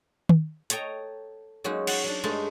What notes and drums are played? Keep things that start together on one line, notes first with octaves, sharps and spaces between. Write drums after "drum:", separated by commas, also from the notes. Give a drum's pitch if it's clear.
drum: tom
A4 C#5 D#5 G5 A#5, drum: hi-hat
F#3 G#3 A#3 C#4 D#4 F#4
F#4 F#5 A5, drum: cymbal
F#3 D4
G2 G#3 A3 A5